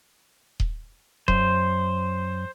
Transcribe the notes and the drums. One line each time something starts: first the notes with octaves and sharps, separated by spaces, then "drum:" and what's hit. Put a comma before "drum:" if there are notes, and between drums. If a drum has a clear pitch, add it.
drum: kick D#1
F#2 C5, drum: kick D#1